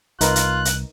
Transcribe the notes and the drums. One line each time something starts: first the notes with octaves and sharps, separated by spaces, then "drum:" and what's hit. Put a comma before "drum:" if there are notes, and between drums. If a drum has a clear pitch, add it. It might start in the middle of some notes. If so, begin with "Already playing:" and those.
C2 D#4 F4 A#4 B4 F#6, drum: hi-hat
drum: hi-hat
drum: hi-hat